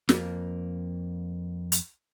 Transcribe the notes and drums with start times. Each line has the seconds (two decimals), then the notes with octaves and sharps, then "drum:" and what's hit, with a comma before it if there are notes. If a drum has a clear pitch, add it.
0.09 F2 A#3, drum: snare
1.72 drum: hi-hat